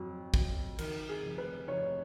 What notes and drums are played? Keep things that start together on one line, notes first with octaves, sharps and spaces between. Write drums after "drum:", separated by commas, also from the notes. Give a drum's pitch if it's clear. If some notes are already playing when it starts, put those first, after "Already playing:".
Already playing: F2 F#3
F#3, drum: kick
D#3 A#4, drum: cymbal
G#4
F1
B4
F1 C#5